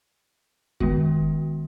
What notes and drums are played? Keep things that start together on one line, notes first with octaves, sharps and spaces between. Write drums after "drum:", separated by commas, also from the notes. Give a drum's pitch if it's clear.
D#3 G#3 B3 F#4, drum: kick F#1